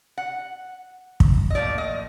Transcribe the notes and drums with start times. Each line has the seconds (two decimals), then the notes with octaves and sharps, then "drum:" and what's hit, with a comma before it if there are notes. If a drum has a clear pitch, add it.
0.17 F#5
1.20 drum: kick
1.50 D#5
1.55 A2 F3 A#3 D5
1.78 D#5